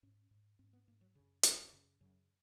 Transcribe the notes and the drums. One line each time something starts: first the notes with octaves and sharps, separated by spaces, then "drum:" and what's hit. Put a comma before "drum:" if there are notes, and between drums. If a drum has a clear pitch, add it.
G#2 C#4
G#2
G#2 C4
B3
G#2 A#3
F#3
F#2 C#3
F#2 C#3 F#3, drum: hi-hat
F#2 C#3
F#2 C#3 F#3